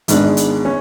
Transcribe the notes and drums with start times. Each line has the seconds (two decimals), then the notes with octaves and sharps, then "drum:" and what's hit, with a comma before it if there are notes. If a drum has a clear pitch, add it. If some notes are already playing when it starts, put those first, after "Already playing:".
0.08 G#1 G#2 G#3 B3 D4, drum: hi-hat
0.37 drum: hi-hat
0.65 C#4